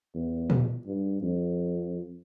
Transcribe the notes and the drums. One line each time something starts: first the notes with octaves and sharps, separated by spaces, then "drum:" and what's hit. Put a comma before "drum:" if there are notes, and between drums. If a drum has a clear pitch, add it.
E2
drum: tom A#2
G2
F2